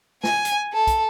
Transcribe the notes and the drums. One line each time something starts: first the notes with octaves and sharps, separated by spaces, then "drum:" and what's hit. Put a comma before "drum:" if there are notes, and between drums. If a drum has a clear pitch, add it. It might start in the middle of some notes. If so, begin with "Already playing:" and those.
G#5, drum: snare
drum: hi-hat
A4
drum: kick, hi-hat